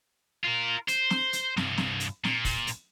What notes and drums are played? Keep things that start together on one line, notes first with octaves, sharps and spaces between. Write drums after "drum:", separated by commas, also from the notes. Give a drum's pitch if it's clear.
F4 A#4
C5, drum: hi-hat
drum: snare
drum: hi-hat
C2 G2, drum: snare
drum: snare
drum: hi-hat
A#2, drum: snare
drum: kick, open hi-hat
drum: hi-hat